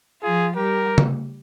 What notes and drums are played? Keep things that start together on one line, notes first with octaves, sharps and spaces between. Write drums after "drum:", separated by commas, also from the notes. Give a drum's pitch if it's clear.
F3 F4 G#4
G3 G4 A#4
drum: tom C#3